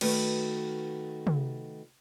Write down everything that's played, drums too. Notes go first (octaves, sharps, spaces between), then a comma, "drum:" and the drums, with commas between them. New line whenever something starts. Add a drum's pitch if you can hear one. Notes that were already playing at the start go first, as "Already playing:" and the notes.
D#3 A3 F#4 B4, drum: cymbal
drum: tom